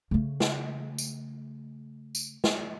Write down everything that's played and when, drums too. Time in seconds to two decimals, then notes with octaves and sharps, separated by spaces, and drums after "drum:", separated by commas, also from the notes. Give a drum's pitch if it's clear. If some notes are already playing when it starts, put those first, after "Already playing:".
0.11 C#3 A3
0.40 drum: snare
0.98 drum: tambourine
2.15 drum: tambourine
2.44 drum: snare